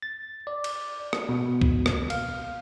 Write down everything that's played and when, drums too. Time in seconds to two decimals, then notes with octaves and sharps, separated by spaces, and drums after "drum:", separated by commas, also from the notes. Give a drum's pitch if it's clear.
0.02 A6
0.47 D5
0.64 drum: cymbal
1.13 drum: rim click
1.29 B2
1.62 drum: kick
1.86 drum: rim click
2.10 F5, drum: cymbal